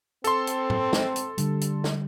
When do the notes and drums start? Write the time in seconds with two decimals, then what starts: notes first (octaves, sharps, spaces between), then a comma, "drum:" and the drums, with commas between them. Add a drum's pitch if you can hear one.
0.24 C4 A4 C6, drum: hi-hat
0.47 drum: hi-hat
0.70 drum: tom
0.93 drum: snare
1.16 drum: hi-hat
1.38 D3 G3, drum: hi-hat
1.61 drum: hi-hat
1.84 drum: snare